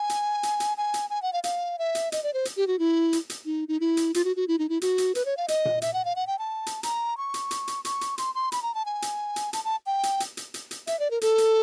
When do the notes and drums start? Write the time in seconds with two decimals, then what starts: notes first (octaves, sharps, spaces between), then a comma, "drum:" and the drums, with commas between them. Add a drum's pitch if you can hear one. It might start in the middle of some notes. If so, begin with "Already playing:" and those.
Already playing: G#5
0.09 drum: hi-hat
0.43 drum: hi-hat
0.60 drum: hi-hat
0.77 G#5
0.94 drum: hi-hat
1.10 G#5
1.22 F#5
1.33 F5
1.44 F5, drum: hi-hat
1.79 E5
1.95 drum: hi-hat
2.12 D#5, drum: hi-hat
2.23 D5
2.34 C5
2.45 drum: hi-hat
2.57 G4
2.67 F#4
2.79 E4
3.13 drum: hi-hat
3.30 drum: hi-hat
3.46 D#4
3.68 D#4
3.80 E4
3.97 drum: hi-hat
4.14 F4, drum: hi-hat
4.25 F#4
4.36 F#4
4.48 E4
4.59 D#4
4.69 E4
4.81 F#4, drum: hi-hat
4.98 drum: hi-hat
5.15 B4, drum: hi-hat
5.25 C#5
5.37 F5
5.48 D#5, drum: hi-hat
5.65 drum: tom A#2
5.82 E5, drum: hi-hat
5.93 F#5
6.05 F5
6.16 F#5
6.27 G5
6.39 A5
6.66 drum: hi-hat
6.83 A#5, drum: hi-hat
7.17 C#6
7.34 drum: hi-hat
7.51 drum: hi-hat
7.68 drum: hi-hat
7.85 C#6, drum: hi-hat
8.01 drum: hi-hat
8.18 C6, drum: hi-hat
8.35 C6
8.52 B5, drum: hi-hat
8.62 A#5
8.75 A5
8.86 G#5
9.02 drum: hi-hat
9.36 drum: hi-hat
9.53 A5, drum: hi-hat
9.64 A5
9.86 G5
10.03 drum: hi-hat
10.20 drum: hi-hat
10.37 drum: hi-hat
10.54 drum: hi-hat
10.71 drum: hi-hat
10.87 E5, drum: hi-hat
10.99 D5
11.11 A#4
11.21 A4, drum: hi-hat
11.38 drum: hi-hat